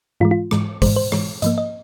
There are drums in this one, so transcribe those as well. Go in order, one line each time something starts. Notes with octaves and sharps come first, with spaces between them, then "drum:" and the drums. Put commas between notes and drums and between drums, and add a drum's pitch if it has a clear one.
G#2 E3 G#3 F4
F4
G#2 E3 G#3, drum: rim click
G#2 E3 G#3 C5, drum: kick, open hi-hat
C5
G#2 E3 G#3 C#5, drum: rim click
G#2 F3 A#3 D#5, drum: hi-hat
D#5